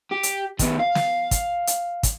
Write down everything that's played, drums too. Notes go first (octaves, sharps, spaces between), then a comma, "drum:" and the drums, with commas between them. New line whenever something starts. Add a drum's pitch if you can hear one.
G4
drum: hi-hat
D#3 B3, drum: kick, hi-hat
F5
drum: snare
drum: kick, hi-hat
drum: hi-hat
drum: kick, hi-hat